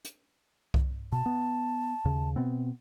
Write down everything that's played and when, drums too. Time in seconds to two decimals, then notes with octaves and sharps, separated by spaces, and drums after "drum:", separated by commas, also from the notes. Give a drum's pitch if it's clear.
0.05 drum: hi-hat
0.74 drum: kick C2
1.12 B2 A5
1.26 B3
2.05 D#2 C#3
2.36 B2 B3 C4